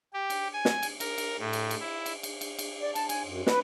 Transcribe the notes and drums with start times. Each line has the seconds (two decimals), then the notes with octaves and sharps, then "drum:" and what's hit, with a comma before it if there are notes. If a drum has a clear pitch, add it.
0.13 G4
0.30 drum: cymbal
0.53 G#5
0.65 drum: snare
0.83 drum: cymbal
1.00 A#4, drum: cymbal
1.18 drum: cymbal
1.39 A2
1.53 drum: cymbal
1.71 drum: cymbal
1.80 E4
2.06 drum: cymbal
2.23 drum: cymbal
2.41 drum: cymbal
2.59 drum: cymbal
2.82 D5
2.95 A5, drum: cymbal
3.09 G#5, drum: cymbal
3.25 F#2
3.47 B4, drum: snare